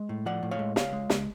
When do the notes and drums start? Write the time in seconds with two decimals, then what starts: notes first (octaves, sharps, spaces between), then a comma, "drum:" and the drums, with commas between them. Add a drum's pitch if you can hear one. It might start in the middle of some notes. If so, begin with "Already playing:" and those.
Already playing: G#3
0.09 A2
0.26 F3 D5 F#5
0.43 A2
0.51 C#5 F5
0.59 G#3
0.76 C#2 C#5 F5, drum: snare
0.93 G#3
1.10 C#2, drum: snare